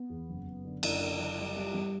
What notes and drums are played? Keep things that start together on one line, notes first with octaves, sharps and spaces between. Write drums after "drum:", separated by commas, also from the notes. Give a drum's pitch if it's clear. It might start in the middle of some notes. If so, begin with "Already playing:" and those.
Already playing: B3
E2
F#1
F#1
D3
F#1 D4, drum: cymbal
D3
F#1
G3
G3
G2